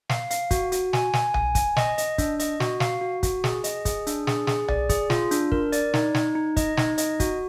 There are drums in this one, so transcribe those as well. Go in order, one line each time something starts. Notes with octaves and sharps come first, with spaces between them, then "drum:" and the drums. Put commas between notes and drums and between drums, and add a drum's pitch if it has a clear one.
F5, drum: snare
F5, drum: hi-hat
F#4, drum: kick, hi-hat
F#4, drum: hi-hat
G#5, drum: snare
G#5, drum: snare
G#5, drum: tom B1
G#5, drum: kick, hi-hat
D#5, drum: snare
D#5, drum: hi-hat
D4, drum: kick, hi-hat
D#5, drum: hi-hat
F#4, drum: snare
F5, drum: snare
F#4
F#4, drum: kick, hi-hat
G#4, drum: snare
D#5, drum: hi-hat
G#4, drum: kick, hi-hat
D4, drum: hi-hat
G#4, drum: snare
G#4, drum: snare
D5, drum: tom B1
G#4, drum: kick, hi-hat
F4, drum: snare
D4, drum: hi-hat
A#4, drum: kick
D5, drum: hi-hat
D#4, drum: snare
D#4, drum: snare
D#4
D#5, drum: kick, hi-hat
D#4, drum: snare
D#5, drum: hi-hat
F#4, drum: kick, hi-hat